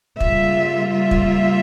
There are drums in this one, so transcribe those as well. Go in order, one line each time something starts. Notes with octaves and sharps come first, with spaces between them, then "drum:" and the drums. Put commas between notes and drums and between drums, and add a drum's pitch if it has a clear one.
C#3 G3 A#3 F4 E5, drum: kick
E5
drum: kick